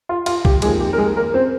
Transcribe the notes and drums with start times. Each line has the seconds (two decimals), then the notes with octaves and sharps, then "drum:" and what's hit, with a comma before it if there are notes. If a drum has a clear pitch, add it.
0.09 F4
0.26 F4, drum: cymbal
0.45 G4, drum: kick B1
0.62 F2 D#3 G#3 A#3 G#4, drum: cymbal
0.80 G4
0.93 A#4
0.98 G#3 G#4
1.17 A#3 A#4
1.34 C4 C5